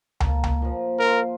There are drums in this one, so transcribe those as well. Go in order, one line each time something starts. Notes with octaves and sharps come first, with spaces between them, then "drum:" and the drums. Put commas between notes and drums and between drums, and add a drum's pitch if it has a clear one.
A#3 A5, drum: tom C#2
drum: tom C#2
A#2 F3
F4 A#4 C6